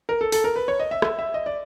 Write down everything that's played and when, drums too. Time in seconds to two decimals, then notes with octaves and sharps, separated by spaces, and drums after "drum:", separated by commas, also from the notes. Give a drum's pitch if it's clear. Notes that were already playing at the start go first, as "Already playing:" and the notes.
0.09 A#4
0.21 A4
0.32 A4, drum: open hi-hat
0.44 A#4
0.56 B4
0.68 C#5
0.80 D#5
0.91 E5
1.02 E5, drum: rim click
1.19 E5
1.34 D#5
1.46 D5